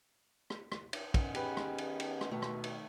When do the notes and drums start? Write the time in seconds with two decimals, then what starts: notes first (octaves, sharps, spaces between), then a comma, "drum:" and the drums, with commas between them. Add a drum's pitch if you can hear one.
0.50 drum: rim click
0.72 drum: rim click
0.93 drum: cymbal
1.14 D#3 B3 C#4, drum: kick, cymbal
1.35 G4 G#4 B4, drum: cymbal
1.57 drum: rim click
1.78 drum: cymbal
2.00 drum: cymbal
2.21 drum: rim click
2.31 B2 D#3 A3
2.42 drum: rim click
2.64 drum: cymbal